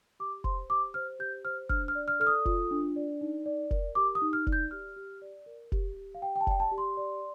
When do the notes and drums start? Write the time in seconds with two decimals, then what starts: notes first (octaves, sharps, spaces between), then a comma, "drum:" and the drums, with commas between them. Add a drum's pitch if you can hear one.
0.20 G4 D6
0.44 C5 C6, drum: kick F1
0.70 G4 D6
0.94 C5 F6
1.19 G4 G6
1.44 C5 F6
1.69 D4 F6, drum: kick F1
1.88 F6
1.95 D5
2.08 F6
2.20 A4 F6
2.27 D#6
2.45 F4, drum: kick F1
2.71 D4
2.96 D5
3.21 D#4
3.46 D5
3.71 A#4, drum: kick F1
3.95 G4 D6
4.15 D#6
4.22 D#4
4.33 F6
4.47 D5, drum: kick F1
4.53 G6
4.71 G4 F6
4.96 G4
5.22 D5
5.46 A#4
5.72 G4, drum: kick F1
5.97 G4
6.15 F5
6.22 G4 G5
6.36 G5
6.41 A5
6.47 D5 G5, drum: kick F1
6.60 A5
6.72 G4
6.78 C6
6.97 D5